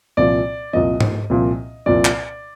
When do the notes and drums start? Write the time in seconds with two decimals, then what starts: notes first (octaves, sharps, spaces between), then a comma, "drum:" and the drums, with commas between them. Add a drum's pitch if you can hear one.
0.17 C2 A#2 F3 D5
0.73 C2 A#2 F3 D#5
1.01 drum: tom
1.30 C2 A#2 F3
1.86 C2 A#2 F3 D5
2.05 drum: clap